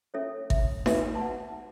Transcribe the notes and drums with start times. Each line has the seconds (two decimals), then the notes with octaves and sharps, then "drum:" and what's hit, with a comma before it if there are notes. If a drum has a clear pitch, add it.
0.14 C#4 A4 C#5 E5
0.50 E5, drum: kick G#1
0.86 F#4 B4 E5, drum: snare D#4
1.15 A5
1.21 F#5